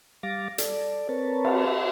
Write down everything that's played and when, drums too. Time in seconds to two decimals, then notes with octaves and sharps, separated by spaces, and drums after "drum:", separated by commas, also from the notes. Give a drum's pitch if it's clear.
0.23 G3 F5 D6 A6 A#6
0.58 A4 D5, drum: hi-hat
1.09 C4 A#4 B4 C#5 A5
1.45 drum: cymbal